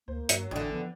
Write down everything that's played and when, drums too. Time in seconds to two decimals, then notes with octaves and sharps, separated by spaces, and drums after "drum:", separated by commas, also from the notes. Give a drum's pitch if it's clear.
0.08 D2 A#3 C5
0.29 G2 F#3, drum: hi-hat
0.51 A1 E2 D3 D4 D5 G5
0.72 F3 B3